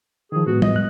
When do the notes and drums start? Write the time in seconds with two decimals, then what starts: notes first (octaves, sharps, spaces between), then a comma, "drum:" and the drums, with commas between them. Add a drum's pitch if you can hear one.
0.32 D#3 F3 G#4
0.47 A2 G#3 B3 F#4
0.62 D#5, drum: tom
0.76 F#6